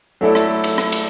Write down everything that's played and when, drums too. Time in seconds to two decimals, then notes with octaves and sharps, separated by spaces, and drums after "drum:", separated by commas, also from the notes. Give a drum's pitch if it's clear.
0.21 F#3 A3 E4 A4 D5
0.35 drum: rim click
0.64 drum: cymbal
0.78 drum: rim click
0.92 drum: cymbal